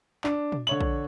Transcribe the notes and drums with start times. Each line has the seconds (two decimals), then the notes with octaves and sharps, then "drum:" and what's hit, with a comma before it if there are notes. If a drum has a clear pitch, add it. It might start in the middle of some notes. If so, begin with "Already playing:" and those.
0.24 D4, drum: clap
0.52 drum: tom A#2
0.67 D3 C#5 F#7
0.81 drum: kick A#1